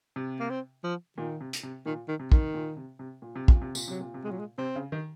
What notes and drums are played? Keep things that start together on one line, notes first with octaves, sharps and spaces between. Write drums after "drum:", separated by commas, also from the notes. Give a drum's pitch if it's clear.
C3
A#3
C4
F3
A#2 D#3
C3
drum: hi-hat
C3
A#2 D#3
D#3
C3
D#3, drum: kick
A#2
C3
C3
A#2
C3
A#2, drum: kick
C3
A#2, drum: tambourine
C3 F#3
A#2
C3
G#3
A#2 F#3
G#3
C3 C4
C#3
D#3